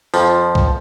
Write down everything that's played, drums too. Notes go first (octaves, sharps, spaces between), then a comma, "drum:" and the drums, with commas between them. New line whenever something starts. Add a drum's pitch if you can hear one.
F2 F3, drum: tambourine
drum: kick B1